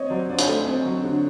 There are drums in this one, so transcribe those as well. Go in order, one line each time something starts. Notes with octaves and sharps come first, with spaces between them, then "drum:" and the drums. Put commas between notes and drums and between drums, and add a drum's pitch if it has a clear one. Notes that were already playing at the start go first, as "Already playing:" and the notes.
Already playing: C4 C#5 D#5
F#3 C5 D5
D3 C5 D5
C#5, drum: hi-hat
A3 C5 D5
C4
F#3
D3